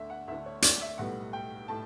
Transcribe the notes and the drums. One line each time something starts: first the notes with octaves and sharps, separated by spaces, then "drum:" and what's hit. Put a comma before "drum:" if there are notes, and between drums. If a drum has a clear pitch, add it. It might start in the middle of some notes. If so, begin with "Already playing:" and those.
Already playing: D2 D3 A3 D4 E5
F#5
D2 D3 A3 D4 E5
C#5
D5, drum: hi-hat
E5
B1 A2 G3 B3 F#5
G5
A2 A5